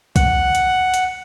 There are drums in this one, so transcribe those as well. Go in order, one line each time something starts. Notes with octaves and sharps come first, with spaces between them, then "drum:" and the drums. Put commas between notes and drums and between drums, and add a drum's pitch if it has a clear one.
F#5, drum: kick B1, hi-hat
drum: hi-hat
drum: hi-hat